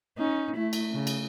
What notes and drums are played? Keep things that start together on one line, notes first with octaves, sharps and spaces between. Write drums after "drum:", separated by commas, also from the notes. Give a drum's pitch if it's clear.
C#4 D#4
A3 E4
drum: cymbal
C#3
drum: cymbal